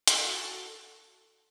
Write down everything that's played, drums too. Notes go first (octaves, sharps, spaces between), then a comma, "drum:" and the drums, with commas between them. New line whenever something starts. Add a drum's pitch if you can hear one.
drum: hi-hat
F#4 A4